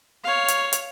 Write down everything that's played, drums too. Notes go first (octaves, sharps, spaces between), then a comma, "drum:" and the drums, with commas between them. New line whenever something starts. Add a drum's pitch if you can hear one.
C#5 F5
drum: hi-hat
drum: hi-hat